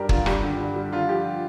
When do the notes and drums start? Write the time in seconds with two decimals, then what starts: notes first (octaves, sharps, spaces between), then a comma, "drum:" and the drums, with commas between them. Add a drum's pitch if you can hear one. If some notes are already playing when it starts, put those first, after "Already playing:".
Already playing: G2 G3 D4 G4 A#4
0.09 D3 F4, drum: kick
0.26 G2 G4, drum: rim click
0.43 D3
0.59 D3
0.76 G3
0.92 D3 F4
1.09 F3 G4